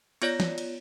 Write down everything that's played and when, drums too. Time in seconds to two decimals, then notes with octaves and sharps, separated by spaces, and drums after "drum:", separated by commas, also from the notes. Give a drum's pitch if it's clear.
0.22 B3 F4 C#5 D5 A#6, drum: cymbal
0.40 drum: snare
0.58 drum: cymbal